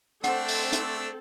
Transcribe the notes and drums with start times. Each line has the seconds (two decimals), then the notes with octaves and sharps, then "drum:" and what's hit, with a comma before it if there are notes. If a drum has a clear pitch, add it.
0.24 A3 C4 D4 A4 F#5 E6, drum: hi-hat
0.48 drum: open hi-hat
0.73 drum: hi-hat